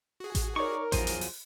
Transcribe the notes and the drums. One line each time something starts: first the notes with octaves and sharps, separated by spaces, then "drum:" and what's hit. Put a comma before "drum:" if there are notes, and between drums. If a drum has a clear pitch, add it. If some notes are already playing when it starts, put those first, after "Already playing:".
F#4 G#4
drum: kick A1, hi-hat
D#4 A#4 C#5 D5 C#6
E2 F3 F#3 F4 G#4 C5, drum: kick A1, hi-hat
drum: hi-hat
drum: open hi-hat